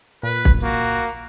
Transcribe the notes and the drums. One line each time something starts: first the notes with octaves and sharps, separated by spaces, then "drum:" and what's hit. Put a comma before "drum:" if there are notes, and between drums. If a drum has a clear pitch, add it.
A#2 B4
drum: kick
A#3 F#4